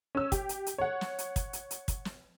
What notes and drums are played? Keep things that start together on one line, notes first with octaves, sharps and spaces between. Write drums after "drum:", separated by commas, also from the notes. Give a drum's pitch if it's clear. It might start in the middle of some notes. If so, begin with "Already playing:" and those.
C#4 E6
G4, drum: kick, hi-hat
drum: hi-hat
drum: hi-hat
C#5 F#5
drum: snare
drum: hi-hat
drum: kick, hi-hat
drum: hi-hat
drum: hi-hat
drum: kick, hi-hat
drum: snare